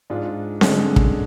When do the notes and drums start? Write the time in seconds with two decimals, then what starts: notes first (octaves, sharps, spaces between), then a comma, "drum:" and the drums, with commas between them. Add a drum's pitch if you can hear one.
0.10 G#2 G#3 D4 F4
0.61 D3 G#3 C#4, drum: snare C4
0.96 drum: kick